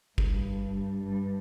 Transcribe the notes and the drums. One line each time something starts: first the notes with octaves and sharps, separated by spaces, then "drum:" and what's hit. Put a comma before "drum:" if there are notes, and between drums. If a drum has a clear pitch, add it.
G2, drum: kick G1
G2